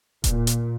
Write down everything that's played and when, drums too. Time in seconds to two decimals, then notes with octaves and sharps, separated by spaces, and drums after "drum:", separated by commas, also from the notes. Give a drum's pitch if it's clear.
0.24 A#2, drum: kick D#1, hi-hat
0.47 drum: hi-hat